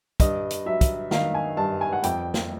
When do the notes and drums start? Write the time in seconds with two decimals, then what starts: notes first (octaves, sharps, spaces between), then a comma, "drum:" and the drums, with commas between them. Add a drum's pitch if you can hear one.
0.20 G2 D#5, drum: kick, hi-hat
0.51 drum: hi-hat
0.66 F#3 E5
0.81 drum: kick, hi-hat
1.11 D#3 F5, drum: snare
1.34 G#5
1.57 G2 A5
1.81 G#5
1.93 F#5
2.04 F2 G5, drum: hi-hat
2.34 drum: snare